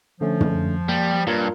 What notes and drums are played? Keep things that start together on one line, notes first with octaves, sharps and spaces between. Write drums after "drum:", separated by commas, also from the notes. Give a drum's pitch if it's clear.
D3 F3 A3 C#4
drum: tom
G3 A#3
G2 A#3 F4 A#4 C#5